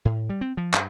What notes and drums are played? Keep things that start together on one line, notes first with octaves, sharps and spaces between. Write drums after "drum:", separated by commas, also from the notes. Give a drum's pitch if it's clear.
A2
G3
C4
F3
G2, drum: clap